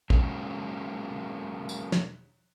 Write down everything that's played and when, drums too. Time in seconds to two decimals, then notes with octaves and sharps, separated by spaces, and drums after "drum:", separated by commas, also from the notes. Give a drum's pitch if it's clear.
0.10 F#3 G#3 A#3 C#4, drum: kick
1.69 drum: tambourine
1.92 drum: snare